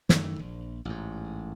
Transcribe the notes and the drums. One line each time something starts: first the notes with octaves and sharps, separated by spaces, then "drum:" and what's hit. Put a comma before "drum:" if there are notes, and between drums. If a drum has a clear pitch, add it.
F#2 D#3 E3 A3, drum: snare
A#1
A1 G#2